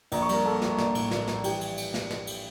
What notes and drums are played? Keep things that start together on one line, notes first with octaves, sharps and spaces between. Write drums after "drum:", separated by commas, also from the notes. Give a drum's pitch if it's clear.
A#1 A#5, drum: cymbal
C#6
G3 A#4 A#5, drum: cymbal
A#3 A4 A5
G3, drum: snare
A#1, drum: snare
A2, drum: cymbal
A#1, drum: snare
G3, drum: snare
E3 G4 G5, drum: cymbal
drum: cymbal
drum: cymbal
drum: snare
drum: snare
drum: cymbal